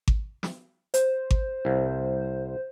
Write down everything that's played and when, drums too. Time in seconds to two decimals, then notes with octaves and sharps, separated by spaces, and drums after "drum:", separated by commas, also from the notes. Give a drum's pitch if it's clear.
0.08 drum: kick G#1
0.43 drum: snare
0.94 C5, drum: hi-hat
1.31 drum: kick G#1
1.65 C2